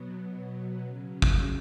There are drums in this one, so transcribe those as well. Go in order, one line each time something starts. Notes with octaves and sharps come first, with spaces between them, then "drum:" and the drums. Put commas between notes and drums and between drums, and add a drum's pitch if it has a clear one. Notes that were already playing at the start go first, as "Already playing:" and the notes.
Already playing: B2 F#3 B3
B3
B3
C#3 F#3 C#4
drum: kick